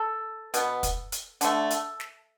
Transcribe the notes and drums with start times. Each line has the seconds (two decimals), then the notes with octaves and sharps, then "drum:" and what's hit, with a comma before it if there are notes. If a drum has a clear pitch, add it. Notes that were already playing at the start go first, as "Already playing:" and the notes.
Already playing: A4
0.54 B2 B3, drum: hi-hat
0.83 drum: kick, hi-hat
1.12 drum: hi-hat
1.41 D3 A3, drum: hi-hat
1.70 drum: hi-hat
2.00 drum: snare